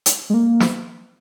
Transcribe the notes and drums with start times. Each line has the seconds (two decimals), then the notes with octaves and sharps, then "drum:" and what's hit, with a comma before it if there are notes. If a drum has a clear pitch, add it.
0.06 drum: hi-hat
0.30 G#3
0.34 A#3
0.60 drum: snare